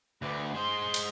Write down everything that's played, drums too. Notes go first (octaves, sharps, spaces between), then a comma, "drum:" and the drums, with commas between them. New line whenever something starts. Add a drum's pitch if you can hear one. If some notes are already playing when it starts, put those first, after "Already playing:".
D2 D3 B4
G#3 C5 C6
drum: cymbal